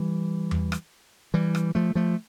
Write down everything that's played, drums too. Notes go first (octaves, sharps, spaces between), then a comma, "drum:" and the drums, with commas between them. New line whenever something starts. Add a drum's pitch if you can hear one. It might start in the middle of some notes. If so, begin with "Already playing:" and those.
Already playing: E3 G3
drum: tom E2
drum: rim click
E3 G3
drum: rim click
F3 A3
F3 A3